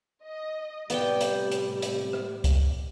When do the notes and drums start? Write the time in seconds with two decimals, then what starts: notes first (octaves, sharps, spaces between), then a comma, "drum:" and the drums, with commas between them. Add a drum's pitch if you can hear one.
0.24 D#5
0.90 A2 C3 G3 B3 D5 G5, drum: hi-hat
1.21 drum: hi-hat
1.52 drum: hi-hat
1.82 drum: hi-hat
2.13 drum: rim click
2.44 drum: kick C#2, hi-hat